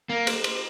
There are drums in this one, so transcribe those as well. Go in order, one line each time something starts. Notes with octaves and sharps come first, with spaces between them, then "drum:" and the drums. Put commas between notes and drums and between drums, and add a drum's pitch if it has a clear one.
A#3
drum: cymbal
drum: cymbal